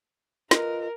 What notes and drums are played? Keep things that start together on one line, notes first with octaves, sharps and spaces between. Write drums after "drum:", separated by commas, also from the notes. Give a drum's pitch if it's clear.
F4 A#4 B4 D#5, drum: snare